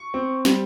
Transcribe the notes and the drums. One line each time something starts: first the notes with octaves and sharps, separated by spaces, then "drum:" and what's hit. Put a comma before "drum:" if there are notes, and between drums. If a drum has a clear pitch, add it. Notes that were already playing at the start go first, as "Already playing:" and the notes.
Already playing: C#6
C4
G3, drum: snare